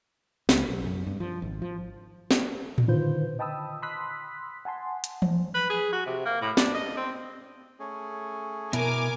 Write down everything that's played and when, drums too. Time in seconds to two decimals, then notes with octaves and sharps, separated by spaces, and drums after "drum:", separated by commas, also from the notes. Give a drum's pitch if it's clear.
0.49 C#2, drum: snare
0.69 B1
0.84 F#2
1.07 G2
1.20 F3
1.42 G#1
1.62 F3
2.31 drum: snare
2.78 drum: tom A2
2.88 D3 D#3 F4 B4 C5 G6
3.39 D#5 G5 A5 B5 D#6 E6
3.82 B5 C6 D#6 E6 F#6 B6
4.65 F#5 G#5 A5 C6
5.04 drum: hi-hat
5.22 drum: tom E3
5.54 B4
5.70 G#4
5.93 F#4
6.06 C3
6.25 A#3
6.42 A2
6.57 D4, drum: snare
6.75 D#5
6.97 C4
7.80 A3 C#4 G#4
8.73 B2 E4 A#4 G#5 D6, drum: hi-hat